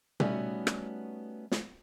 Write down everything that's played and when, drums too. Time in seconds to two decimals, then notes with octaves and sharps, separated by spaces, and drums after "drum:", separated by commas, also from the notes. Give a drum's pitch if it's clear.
0.20 G3 A3 B3 C#4 D#4 F#4, drum: tom B2
0.67 drum: rim click
1.52 drum: snare